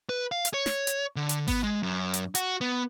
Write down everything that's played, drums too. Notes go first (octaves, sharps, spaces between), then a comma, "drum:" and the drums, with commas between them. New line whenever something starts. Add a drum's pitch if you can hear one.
B4
F5
drum: hi-hat
C#5
drum: snare
drum: hi-hat
D3
drum: hi-hat
B3, drum: kick G#1, open hi-hat
G#3
F#2
drum: hi-hat
F#4, drum: hi-hat
B3